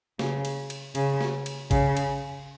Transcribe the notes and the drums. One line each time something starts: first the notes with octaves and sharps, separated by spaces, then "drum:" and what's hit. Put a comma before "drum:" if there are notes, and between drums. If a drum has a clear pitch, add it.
C#3, drum: snare
drum: cymbal
drum: cymbal
C#3, drum: cymbal
drum: snare
drum: cymbal
C#3, drum: kick, cymbal
drum: cymbal